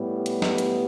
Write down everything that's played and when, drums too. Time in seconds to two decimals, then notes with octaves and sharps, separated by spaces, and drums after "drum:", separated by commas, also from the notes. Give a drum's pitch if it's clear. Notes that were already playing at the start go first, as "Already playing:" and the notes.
Already playing: A2 G3 B3
0.26 drum: hi-hat
0.42 drum: snare
0.58 drum: hi-hat